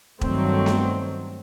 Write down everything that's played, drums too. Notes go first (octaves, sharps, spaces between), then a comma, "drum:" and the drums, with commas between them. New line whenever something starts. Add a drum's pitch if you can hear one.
G2 D#3 F#3 A3 C4, drum: kick E1
drum: snare B3